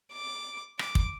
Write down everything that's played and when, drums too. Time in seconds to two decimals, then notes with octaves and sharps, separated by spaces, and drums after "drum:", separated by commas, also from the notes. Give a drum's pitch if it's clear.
0.13 D6
0.79 D6, drum: rim click
0.95 drum: kick